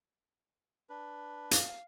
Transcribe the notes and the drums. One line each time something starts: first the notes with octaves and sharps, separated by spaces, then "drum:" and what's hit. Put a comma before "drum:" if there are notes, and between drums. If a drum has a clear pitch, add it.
D4 B4
F5, drum: hi-hat